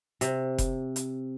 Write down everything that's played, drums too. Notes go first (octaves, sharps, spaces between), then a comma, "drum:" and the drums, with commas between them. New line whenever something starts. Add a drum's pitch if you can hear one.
C3, drum: hi-hat
drum: kick F1, hi-hat
drum: hi-hat